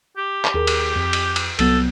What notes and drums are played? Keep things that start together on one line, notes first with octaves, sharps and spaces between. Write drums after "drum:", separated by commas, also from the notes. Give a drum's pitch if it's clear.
G4
drum: clap
D#2 G#4 A#4
drum: cymbal
F2
drum: cymbal
drum: cymbal
C2 F#3 B3 A4, drum: cymbal